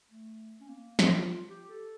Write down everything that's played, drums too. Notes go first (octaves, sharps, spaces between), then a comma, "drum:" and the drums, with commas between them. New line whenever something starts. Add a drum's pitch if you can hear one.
A3
C#4
A#3
drum: snare
F4
G4
A4